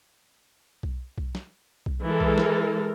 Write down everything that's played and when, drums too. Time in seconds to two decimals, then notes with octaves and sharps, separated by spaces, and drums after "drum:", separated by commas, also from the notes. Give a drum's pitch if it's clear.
0.83 drum: kick B1
1.18 drum: kick B1
1.35 drum: snare
1.86 drum: kick B1
2.03 E3 G#3 A4 A#4
2.21 drum: kick B1
2.38 drum: snare